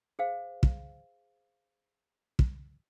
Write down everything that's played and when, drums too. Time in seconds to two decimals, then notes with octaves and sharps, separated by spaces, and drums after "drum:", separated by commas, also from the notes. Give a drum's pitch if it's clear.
0.19 G#4 C5 F5
0.63 drum: kick
2.39 drum: kick